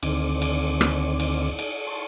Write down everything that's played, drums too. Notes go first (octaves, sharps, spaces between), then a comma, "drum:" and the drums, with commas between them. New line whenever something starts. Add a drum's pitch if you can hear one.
D2 D3 D#3 C4 D6, drum: cymbal
drum: cymbal
drum: rim click
drum: cymbal
drum: cymbal
A5 C6 C#6